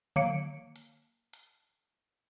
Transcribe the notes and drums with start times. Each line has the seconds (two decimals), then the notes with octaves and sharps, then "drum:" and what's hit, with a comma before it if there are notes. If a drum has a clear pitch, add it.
0.16 F#3 A#3 C#7 D7, drum: tom D3
0.76 drum: hi-hat
1.33 drum: hi-hat